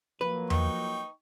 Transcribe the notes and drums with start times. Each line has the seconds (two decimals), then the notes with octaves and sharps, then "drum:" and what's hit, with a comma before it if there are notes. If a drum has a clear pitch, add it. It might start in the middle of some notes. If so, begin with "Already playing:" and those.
0.21 F3 F#3 A#3 B4
0.50 D#4 G5 C#6, drum: tom E2